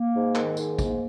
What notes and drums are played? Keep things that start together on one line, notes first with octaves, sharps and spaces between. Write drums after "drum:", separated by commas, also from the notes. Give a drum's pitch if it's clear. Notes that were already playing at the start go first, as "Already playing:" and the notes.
Already playing: A#3
G#2
D#3, drum: clap
G#2, drum: tambourine
A#3, drum: kick, tambourine